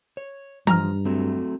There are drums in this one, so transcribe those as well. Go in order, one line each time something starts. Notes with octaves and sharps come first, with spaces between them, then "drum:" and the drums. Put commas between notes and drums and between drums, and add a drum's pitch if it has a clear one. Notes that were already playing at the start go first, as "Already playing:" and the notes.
C#5
G2 F3 A#5 F6, drum: tom
F#3 A3 C4